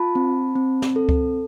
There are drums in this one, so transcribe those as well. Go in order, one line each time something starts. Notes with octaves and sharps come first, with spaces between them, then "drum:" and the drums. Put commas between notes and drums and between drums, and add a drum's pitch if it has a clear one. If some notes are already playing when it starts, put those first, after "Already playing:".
Already playing: F4 A5 B5
C4
C4
drum: snare
A4
drum: kick C#2